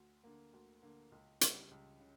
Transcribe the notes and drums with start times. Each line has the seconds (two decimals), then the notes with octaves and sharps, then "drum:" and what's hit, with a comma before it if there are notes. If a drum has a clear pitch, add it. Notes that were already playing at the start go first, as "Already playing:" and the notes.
Already playing: D2
0.24 D3 A#3
0.53 D2
0.83 D3 A#3
1.12 C#2
1.41 C#3 G3, drum: hi-hat
1.71 C#2
2.00 C#3